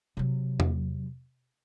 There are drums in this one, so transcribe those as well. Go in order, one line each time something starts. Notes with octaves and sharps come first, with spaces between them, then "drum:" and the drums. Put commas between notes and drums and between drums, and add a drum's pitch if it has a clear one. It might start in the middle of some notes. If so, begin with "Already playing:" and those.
C3 F#3
drum: tom E2